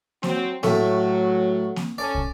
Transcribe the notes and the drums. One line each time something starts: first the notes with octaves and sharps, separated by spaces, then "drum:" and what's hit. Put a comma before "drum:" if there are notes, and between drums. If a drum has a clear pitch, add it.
F#3 C4, drum: snare A#3
A2 F#3 A3, drum: snare A#3
drum: snare A#3
C#4 A4 D5
drum: kick